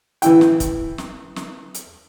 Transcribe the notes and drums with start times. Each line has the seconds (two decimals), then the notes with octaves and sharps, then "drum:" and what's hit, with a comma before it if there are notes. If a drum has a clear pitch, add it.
0.22 E3 E4 G5, drum: hi-hat
0.41 drum: snare
0.60 drum: kick, hi-hat
0.98 drum: snare
1.36 drum: snare
1.74 drum: hi-hat